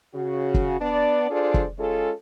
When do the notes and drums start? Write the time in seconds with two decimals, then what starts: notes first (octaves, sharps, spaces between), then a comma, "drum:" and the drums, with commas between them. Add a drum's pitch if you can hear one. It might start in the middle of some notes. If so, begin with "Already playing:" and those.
0.14 C#3 F#4
0.54 drum: kick
0.80 B3 D4 D5
1.31 D4 F4 G#4 A4 C5 D5
1.54 drum: kick
1.79 G#3 C#4 F4 G#4 A4